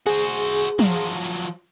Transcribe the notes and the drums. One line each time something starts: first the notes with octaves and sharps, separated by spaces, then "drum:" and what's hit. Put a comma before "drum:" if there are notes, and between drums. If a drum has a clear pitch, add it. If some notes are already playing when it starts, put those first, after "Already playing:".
F#4 G#4 C5
F3 F#3, drum: tom
drum: hi-hat